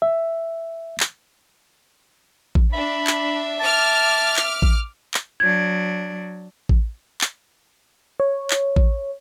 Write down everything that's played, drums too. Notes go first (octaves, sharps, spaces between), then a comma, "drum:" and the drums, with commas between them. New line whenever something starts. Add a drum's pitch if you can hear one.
E5
drum: clap
drum: kick A1
D4 E5 B5
drum: clap
A5 D6 F6
drum: clap
drum: kick A1
drum: clap
F#3 D4 G#6
drum: kick A1
drum: clap
C#5
drum: clap
drum: kick A1